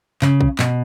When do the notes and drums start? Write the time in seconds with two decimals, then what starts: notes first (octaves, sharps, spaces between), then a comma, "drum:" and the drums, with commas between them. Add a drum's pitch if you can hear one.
0.22 C#3, drum: clap
0.41 drum: kick A#1
0.59 B2, drum: clap